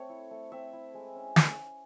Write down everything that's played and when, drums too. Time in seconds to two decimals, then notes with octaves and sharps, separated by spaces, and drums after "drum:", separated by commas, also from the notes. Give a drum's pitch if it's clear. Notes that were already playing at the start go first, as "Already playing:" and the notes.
Already playing: A3 C4 A4 C#5
0.09 E4
0.31 A3
0.52 C4 E5
0.73 E4
0.94 G#3
1.15 C#4
1.36 drum: snare